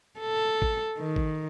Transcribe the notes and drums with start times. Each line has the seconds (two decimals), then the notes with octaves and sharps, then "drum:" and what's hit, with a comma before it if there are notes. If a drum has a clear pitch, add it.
0.20 A4
0.62 drum: kick G#1
0.98 D#3
1.16 drum: kick G#1